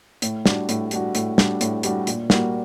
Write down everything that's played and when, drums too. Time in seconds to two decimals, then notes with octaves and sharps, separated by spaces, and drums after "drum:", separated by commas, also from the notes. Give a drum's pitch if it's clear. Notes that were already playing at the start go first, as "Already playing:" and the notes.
0.22 A2, drum: hi-hat
0.46 G3 D4 F#4, drum: snare
0.69 A2, drum: hi-hat
0.91 G3 D4 F#4, drum: hi-hat
1.15 A2, drum: hi-hat
1.38 G3 D4 F#4, drum: snare
1.61 A2, drum: hi-hat
1.83 G3 D4 F#4, drum: hi-hat
2.07 A#2, drum: hi-hat
2.30 G3 A#3 F#4, drum: snare